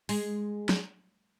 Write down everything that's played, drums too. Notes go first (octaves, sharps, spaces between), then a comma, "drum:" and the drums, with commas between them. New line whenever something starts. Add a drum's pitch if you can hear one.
G#3, drum: open hi-hat
drum: snare